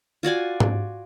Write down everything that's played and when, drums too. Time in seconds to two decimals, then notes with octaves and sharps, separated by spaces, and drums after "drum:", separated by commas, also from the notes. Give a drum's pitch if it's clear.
0.23 F4 F#4 D5 G#5
0.60 drum: tom G#2